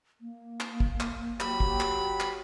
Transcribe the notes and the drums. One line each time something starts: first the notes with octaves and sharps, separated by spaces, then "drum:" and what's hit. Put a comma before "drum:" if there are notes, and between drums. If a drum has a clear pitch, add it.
A#3
drum: clap
drum: kick
drum: clap
F#3 G4 B5, drum: clap
drum: kick
drum: clap
drum: clap